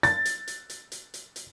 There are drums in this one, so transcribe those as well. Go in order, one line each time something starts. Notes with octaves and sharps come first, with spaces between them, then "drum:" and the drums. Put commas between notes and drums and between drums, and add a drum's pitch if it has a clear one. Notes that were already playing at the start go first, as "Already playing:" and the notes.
A6, drum: hi-hat
drum: hi-hat
drum: hi-hat
drum: hi-hat
drum: hi-hat
drum: hi-hat
drum: hi-hat